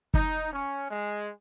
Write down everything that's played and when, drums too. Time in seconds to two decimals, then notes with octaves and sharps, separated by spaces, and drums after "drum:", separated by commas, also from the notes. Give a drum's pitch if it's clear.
0.14 D#4, drum: kick
0.52 C#4
0.91 G#3